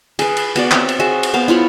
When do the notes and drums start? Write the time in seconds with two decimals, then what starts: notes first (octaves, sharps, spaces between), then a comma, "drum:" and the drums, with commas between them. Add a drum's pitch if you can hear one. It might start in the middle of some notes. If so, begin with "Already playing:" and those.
0.19 G#4 B4, drum: cymbal
0.37 drum: cymbal
0.56 B3 F#4 D5, drum: cymbal
0.71 C4 C#5 E5, drum: clap
0.89 drum: cymbal
1.00 F#4 G#4 E5
1.23 drum: cymbal
1.34 B3 C5 F5
1.48 E4 F4 C#5 B5